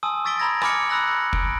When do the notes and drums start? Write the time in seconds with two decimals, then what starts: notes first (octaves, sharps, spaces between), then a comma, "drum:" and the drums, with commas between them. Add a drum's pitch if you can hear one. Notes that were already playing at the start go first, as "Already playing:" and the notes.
0.03 G#5 A5 C6 D#6 E6
0.25 C#6 E6 A6 B6 D7 G7
0.39 A#5 B5 G#6 A#6
0.62 G#5 B5 D6 F6 C#7, drum: rim click
0.90 A#5 B5 E6 F#6 A#6 F#7
1.33 D7, drum: kick